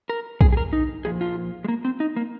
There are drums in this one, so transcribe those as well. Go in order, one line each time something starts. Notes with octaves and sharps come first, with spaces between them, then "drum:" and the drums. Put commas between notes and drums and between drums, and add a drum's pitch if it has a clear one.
A#4
G#4, drum: kick B1
G#4
A#4
D#4
A#2 F3 G#4
F4
G#3
A#3
C4
D#4
A#3